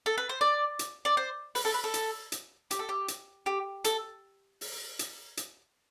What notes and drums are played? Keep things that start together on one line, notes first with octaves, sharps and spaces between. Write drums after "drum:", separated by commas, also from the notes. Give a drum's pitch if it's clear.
A4
B4
C5
D5
drum: hi-hat
D5
C5
B4, drum: open hi-hat
A4
B4
A4
drum: hi-hat
drum: hi-hat
G4, drum: hi-hat
A4
G4
drum: hi-hat
G4
A4, drum: hi-hat
drum: open hi-hat
drum: hi-hat
drum: hi-hat